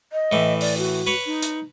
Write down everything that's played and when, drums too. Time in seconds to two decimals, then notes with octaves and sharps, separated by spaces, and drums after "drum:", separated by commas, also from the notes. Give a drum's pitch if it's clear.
0.13 D#5
0.32 A2 E3
0.61 D5, drum: open hi-hat
0.78 F#4
1.07 B4 C#5
1.26 D#4
1.43 drum: hi-hat